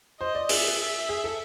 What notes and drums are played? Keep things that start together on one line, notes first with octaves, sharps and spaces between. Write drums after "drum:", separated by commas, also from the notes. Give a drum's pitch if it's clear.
C5 D#5
D5
G#4 E5, drum: open hi-hat
E5
G#4
A4